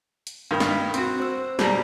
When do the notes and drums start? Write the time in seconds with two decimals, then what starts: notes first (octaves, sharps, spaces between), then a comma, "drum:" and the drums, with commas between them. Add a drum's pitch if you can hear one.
0.27 drum: hi-hat
0.51 G2 D#3 G5 B5
0.60 drum: snare
0.94 C4 F#4, drum: hi-hat
1.20 C5 E6
1.59 B2 G3 F#4 A#5, drum: snare